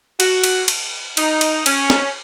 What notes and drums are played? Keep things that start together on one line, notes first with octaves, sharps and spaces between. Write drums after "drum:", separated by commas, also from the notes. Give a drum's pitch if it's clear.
F#4, drum: cymbal
drum: cymbal
drum: cymbal
D#4, drum: cymbal
drum: cymbal
C#4, drum: cymbal
drum: snare